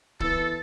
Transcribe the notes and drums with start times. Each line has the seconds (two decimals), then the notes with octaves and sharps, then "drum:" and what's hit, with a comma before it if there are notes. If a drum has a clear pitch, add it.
0.20 E3 B3 E4 A4 B4, drum: kick